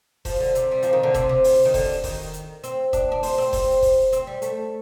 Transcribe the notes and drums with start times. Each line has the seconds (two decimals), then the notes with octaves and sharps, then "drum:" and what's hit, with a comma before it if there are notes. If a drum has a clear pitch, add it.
0.25 F3, drum: kick F1, open hi-hat
0.40 D3
0.55 C3, drum: hi-hat
0.71 G3
0.83 F3, drum: hi-hat
0.93 D#3
1.03 D3
1.14 C3, drum: kick F1, hi-hat
1.29 C3
1.44 drum: open hi-hat
1.65 D#3
1.74 D3, drum: kick F1, open hi-hat
2.04 D#3, drum: kick F1, open hi-hat
2.34 drum: hi-hat
2.63 C4, drum: hi-hat
2.93 D4, drum: kick F1, hi-hat
3.12 D4
3.23 C4, drum: open hi-hat
3.38 C4
3.53 C4, drum: kick F1, open hi-hat
3.82 drum: kick F1, open hi-hat
4.13 C4, drum: hi-hat
4.27 G3
4.42 A3, drum: hi-hat